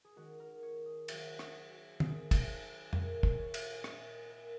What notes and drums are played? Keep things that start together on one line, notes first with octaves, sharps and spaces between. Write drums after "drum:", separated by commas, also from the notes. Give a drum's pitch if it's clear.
G#4
D#3 G#3 C#4 F#4
A#4
C#5
G#4
D#3 F#3 A#3 C#4 F#4, drum: cymbal
G#4, drum: rim click
F#4
D#3 F#3 C#4 G#4, drum: tom
drum: kick, cymbal
A#2 G#3 C#4 A#4, drum: tom F2
drum: kick
C#5
drum: cymbal
A#2 A#3 C#4 D#5, drum: rim click
D#5
A#4